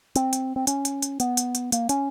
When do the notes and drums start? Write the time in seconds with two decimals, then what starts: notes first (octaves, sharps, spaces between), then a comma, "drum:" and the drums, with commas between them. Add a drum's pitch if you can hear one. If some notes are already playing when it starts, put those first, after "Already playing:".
0.16 C4, drum: hi-hat
0.33 drum: hi-hat
0.56 C4
0.67 C#4, drum: hi-hat
0.85 drum: hi-hat
1.02 drum: hi-hat
1.20 B3, drum: hi-hat
1.37 drum: hi-hat
1.55 drum: hi-hat
1.72 A#3, drum: hi-hat
1.89 C#4, drum: hi-hat